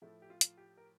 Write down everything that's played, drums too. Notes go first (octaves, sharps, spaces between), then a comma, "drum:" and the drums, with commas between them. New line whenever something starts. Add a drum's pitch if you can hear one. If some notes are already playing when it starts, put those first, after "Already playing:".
A2 F3 A3 E4
G4
F4
drum: hi-hat
G4
A#4